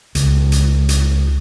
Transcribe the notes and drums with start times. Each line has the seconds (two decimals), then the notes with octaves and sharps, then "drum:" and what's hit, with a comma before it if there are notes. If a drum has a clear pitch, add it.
0.15 C#2, drum: hi-hat
0.52 drum: hi-hat
0.89 drum: hi-hat